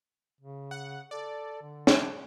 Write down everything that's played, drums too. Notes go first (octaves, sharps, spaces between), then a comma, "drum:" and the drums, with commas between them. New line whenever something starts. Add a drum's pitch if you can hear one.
C#3
F#5
A4 D5
D3
D4, drum: snare